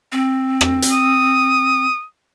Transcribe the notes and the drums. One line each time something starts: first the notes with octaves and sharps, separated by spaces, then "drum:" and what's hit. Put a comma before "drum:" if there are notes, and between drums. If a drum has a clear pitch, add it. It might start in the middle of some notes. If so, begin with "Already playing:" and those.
C4
drum: rim click
drum: hi-hat
D#6